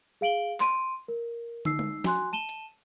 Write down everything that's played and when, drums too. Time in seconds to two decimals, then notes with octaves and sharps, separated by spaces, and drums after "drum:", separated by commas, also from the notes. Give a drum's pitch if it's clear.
0.21 G#4 F5 D7 F#7 G7
0.60 C6 D7 D#7, drum: clap
1.08 A#4
1.65 D#4 E6 C7, drum: tom
1.79 drum: tom G#3
2.04 F#4 G#5 C6 F#6, drum: snare
2.32 A5 D#7 E7 G7
2.49 drum: hi-hat